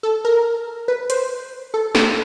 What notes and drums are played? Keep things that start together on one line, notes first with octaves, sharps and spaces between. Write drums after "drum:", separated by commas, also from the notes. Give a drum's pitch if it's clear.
A4
A#4
B4
C5, drum: hi-hat
A4
A4, drum: snare